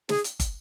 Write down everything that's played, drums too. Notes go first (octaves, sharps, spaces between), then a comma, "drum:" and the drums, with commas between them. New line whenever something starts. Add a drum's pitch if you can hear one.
G#4, drum: snare
drum: hi-hat
drum: kick, hi-hat